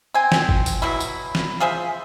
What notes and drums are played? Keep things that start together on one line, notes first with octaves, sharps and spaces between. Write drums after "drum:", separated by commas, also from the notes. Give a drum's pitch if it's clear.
C4 G#5
drum: snare
drum: kick G1
drum: tambourine
B2 F#3 E4
drum: tambourine
drum: snare
F4 G#4 C5 E5